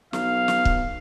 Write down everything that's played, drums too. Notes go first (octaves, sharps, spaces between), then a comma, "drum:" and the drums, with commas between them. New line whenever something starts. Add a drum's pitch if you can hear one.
B1 F5, drum: snare
drum: snare
drum: kick C#1